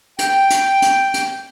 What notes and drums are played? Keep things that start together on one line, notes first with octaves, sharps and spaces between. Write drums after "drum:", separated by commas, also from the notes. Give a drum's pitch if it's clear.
G5, drum: hi-hat
drum: hi-hat
drum: hi-hat
drum: hi-hat